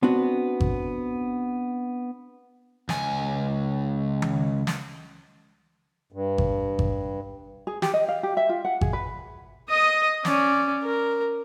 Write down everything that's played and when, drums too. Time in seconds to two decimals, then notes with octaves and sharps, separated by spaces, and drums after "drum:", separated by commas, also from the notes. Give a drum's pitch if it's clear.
0.03 B3 C4 D4 F#4
0.60 drum: kick G#1
2.89 C#2 G#5, drum: snare
4.22 drum: tom D#3
4.67 drum: snare
6.12 G2
6.38 drum: kick G#1
6.79 drum: kick G#1
7.67 G#4
7.82 G4, drum: snare
7.94 D#5
8.08 F5
8.23 G4
8.37 E5
8.49 F4
8.65 F#5
8.81 G#4, drum: kick G#1
8.93 B4
9.69 D#5 D#6
10.25 C#4 D5, drum: snare
10.84 A#4